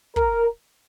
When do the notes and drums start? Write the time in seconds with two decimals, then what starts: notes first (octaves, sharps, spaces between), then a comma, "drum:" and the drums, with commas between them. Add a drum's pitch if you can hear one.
0.16 A#4, drum: kick